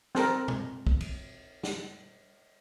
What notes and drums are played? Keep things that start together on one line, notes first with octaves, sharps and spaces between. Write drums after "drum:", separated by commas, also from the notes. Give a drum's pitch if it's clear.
C4 A4 A#4, drum: snare
drum: tom B2
drum: kick
drum: cymbal
drum: snare